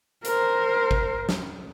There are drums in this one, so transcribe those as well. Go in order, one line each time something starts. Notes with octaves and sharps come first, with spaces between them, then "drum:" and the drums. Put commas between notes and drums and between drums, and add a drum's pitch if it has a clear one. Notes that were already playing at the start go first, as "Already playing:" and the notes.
A#4 C5, drum: hi-hat
drum: kick G#1
drum: snare